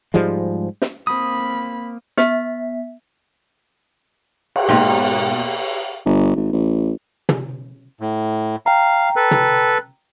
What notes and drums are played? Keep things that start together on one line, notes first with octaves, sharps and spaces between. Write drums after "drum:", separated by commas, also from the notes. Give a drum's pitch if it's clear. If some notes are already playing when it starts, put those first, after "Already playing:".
G#2 F3 G3 G#3
drum: snare
A#3 C4 B5 D#6
B3 E5 B6, drum: snare
drum: cymbal
G#2 B2 A#3 G5
G1
G#1
A1
drum: tom
A2
F5 G5 A#5
A4 B4
drum: tom